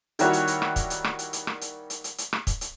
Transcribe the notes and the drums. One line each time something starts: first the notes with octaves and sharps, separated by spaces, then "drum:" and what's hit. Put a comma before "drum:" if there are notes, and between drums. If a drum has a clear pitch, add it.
D#3 G3 A#3 E4 F#4 C#5, drum: hi-hat
drum: hi-hat
drum: hi-hat
drum: rim click
drum: kick, hi-hat
drum: hi-hat
drum: rim click
drum: hi-hat
drum: hi-hat
drum: rim click
drum: hi-hat
drum: hi-hat
drum: hi-hat
drum: hi-hat
drum: rim click
drum: kick, hi-hat
drum: hi-hat